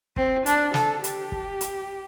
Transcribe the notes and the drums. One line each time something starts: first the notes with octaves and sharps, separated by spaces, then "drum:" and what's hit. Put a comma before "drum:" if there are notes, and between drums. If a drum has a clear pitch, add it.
C4, drum: kick
D4, drum: hi-hat
A4, drum: snare
G4, drum: hi-hat
drum: kick
drum: hi-hat